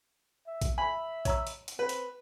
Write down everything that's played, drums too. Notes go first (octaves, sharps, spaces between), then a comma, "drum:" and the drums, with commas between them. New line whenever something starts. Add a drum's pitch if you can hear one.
E5
drum: kick A#1, hi-hat
E5 G#5 B5
C#5 A#5 E6, drum: kick A#1, hi-hat
drum: hi-hat
drum: hi-hat
C4 B4
drum: hi-hat